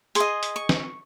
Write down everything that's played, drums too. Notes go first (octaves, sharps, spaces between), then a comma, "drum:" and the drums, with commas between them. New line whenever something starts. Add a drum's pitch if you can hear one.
G#4 D#5 C6, drum: hi-hat
drum: hi-hat
C#6
drum: snare